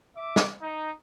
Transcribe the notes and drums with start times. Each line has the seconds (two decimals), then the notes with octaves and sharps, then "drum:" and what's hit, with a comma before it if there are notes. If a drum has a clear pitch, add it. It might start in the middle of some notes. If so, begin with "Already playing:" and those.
0.16 E5 D6
0.36 drum: snare
0.61 D#4